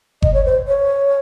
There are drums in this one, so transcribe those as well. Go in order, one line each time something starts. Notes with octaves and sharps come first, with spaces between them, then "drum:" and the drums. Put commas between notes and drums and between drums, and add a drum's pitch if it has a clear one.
D#5, drum: kick G1
C#5
C5
C#5